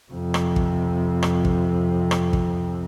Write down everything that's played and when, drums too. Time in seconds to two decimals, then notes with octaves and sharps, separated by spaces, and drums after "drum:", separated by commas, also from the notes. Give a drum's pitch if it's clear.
0.12 F2 C3
0.34 drum: rim click
0.56 drum: kick
1.23 drum: rim click
1.45 drum: kick
2.11 drum: rim click
2.33 drum: kick